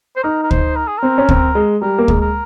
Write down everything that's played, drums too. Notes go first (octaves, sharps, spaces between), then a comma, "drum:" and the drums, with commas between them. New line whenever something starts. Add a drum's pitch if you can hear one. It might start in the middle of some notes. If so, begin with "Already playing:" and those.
C5
D#4 A#4
A#4
C5, drum: kick
A#4
G#4
C4 A#4
C#4
C4, drum: kick
G#3
G3 A#4
A#3
G#3, drum: kick
A#4